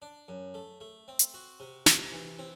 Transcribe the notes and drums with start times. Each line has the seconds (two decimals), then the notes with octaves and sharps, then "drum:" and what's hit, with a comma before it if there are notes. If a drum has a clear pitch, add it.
0.02 D4
0.28 F#2
0.54 A3
0.80 A3
1.08 C4
1.19 drum: hi-hat
1.34 F#4
1.60 C3
1.86 C3, drum: snare
2.12 E3
2.39 C4